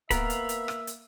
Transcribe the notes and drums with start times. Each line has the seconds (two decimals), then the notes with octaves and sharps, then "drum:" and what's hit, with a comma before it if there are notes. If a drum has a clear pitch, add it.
0.11 A#3 B3 A#4 E5 F5 B5, drum: kick, hi-hat
0.30 drum: hi-hat
0.49 drum: hi-hat
0.68 drum: rim click
0.87 drum: hi-hat